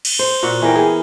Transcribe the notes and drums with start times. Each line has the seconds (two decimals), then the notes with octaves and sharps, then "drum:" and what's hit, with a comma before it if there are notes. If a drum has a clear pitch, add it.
0.05 drum: cymbal
0.19 C5
0.43 A#2 F#4 F#5
0.62 E3 B3 A#4 G5
0.75 G#4